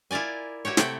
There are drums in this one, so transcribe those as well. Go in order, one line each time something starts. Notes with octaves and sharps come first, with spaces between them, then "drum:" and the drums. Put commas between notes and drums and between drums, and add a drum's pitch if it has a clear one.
E4 F4 A#4 D5 G#5
E4 F#4 G4 C#5
C3 A3 C4 F#5 G5, drum: snare